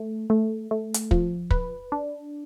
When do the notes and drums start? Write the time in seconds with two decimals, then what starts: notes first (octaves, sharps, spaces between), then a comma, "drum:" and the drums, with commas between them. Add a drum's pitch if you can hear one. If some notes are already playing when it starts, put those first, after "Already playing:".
Already playing: A3
0.30 A3
0.71 A3
0.94 drum: hi-hat
1.11 F3, drum: kick
1.50 B4, drum: kick
1.92 D4